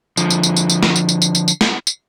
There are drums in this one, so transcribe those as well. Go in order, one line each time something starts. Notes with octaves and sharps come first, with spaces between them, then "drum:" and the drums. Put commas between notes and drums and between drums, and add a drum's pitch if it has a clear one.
D3 F3, drum: tambourine
drum: tambourine
drum: tambourine
drum: tambourine
drum: tambourine
drum: snare
drum: tambourine
drum: tambourine
drum: tambourine
drum: tambourine
drum: tambourine
drum: snare
drum: tambourine